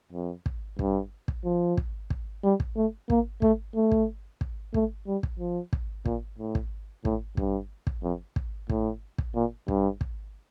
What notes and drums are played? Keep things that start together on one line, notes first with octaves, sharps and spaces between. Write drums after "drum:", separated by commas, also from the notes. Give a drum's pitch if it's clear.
F2
drum: kick
G2, drum: kick
drum: kick
F3
drum: kick
drum: kick
G3
drum: kick
A3
A#3, drum: kick
A3, drum: kick
A3
drum: kick
drum: kick
A3, drum: kick
G3
drum: kick
F3
drum: kick
A#2, drum: kick
A2
drum: kick
A2, drum: kick
G2, drum: kick
drum: kick
F2
drum: kick
A2, drum: kick
drum: kick
A#2
G2, drum: kick
drum: kick